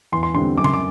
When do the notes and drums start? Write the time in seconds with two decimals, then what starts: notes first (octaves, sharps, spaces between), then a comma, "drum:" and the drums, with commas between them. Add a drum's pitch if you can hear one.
0.12 E2 C6
0.23 C6
0.34 D3 G3 C4 C6
0.57 F#2 D6
0.64 C6, drum: tom C#3
0.74 D6